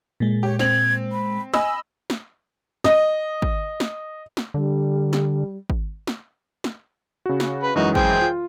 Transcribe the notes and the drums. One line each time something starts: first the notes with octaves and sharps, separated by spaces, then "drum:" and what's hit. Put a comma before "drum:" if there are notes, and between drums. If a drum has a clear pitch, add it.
A#2 G#3
G4 C#5
C4 G#6 F7 F#7, drum: snare
B5
D#5 G#5 B5 E6, drum: snare
drum: snare
D#5, drum: snare
drum: kick
drum: snare
drum: snare
D3 G3
drum: snare
drum: kick
drum: snare
drum: snare
C#3 F#4
drum: snare
B4
F#2 E3 G#3 D#4 F#4
G#4 C5 G5, drum: kick
F4